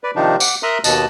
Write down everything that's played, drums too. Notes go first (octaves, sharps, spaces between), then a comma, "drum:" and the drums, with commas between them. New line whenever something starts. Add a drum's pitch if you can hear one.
B4 D5
C3 D#3 F3 D4 D#4
F#5 D6, drum: tambourine
A#4 E5 A#5 C6 D#6 F#6
D#2 B2 D#5 A5 F#6, drum: tambourine